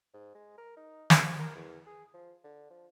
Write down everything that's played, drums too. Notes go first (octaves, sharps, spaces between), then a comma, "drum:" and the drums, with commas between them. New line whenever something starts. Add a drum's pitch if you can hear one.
G#2
G#3
A#4
D#4
drum: snare
C3
A#4
E2
G#4
F3
D3
F3